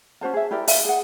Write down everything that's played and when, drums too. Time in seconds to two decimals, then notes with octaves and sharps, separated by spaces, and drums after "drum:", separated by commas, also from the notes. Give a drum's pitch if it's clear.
0.21 C#4 F#4 C5 A5
0.34 G#4 E5
0.51 E4 G4 A#4 D5
0.68 E5 F5, drum: open hi-hat
0.85 G#4 F#5